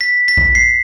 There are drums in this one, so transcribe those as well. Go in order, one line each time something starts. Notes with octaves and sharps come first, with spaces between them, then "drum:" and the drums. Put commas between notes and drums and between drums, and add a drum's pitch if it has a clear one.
B6
B6
drum: kick B1
C7